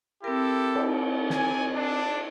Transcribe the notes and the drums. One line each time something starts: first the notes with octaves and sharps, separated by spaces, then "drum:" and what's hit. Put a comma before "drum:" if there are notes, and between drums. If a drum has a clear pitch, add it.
C4 E4 G4 A4 A#4
drum: cymbal
G#5, drum: snare
D4